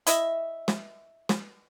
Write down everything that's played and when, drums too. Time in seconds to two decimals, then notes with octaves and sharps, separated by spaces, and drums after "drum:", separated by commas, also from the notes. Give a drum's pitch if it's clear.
0.07 E4 D#5 E5, drum: hi-hat
0.68 drum: snare
1.29 drum: snare